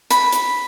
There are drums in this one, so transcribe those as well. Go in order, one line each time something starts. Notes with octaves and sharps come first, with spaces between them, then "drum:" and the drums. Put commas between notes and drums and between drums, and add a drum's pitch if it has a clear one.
B5, drum: hi-hat
drum: hi-hat